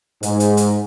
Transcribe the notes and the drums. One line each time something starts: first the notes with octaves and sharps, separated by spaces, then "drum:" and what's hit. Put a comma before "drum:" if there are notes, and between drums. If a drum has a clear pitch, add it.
G#2, drum: hi-hat
drum: hi-hat
drum: hi-hat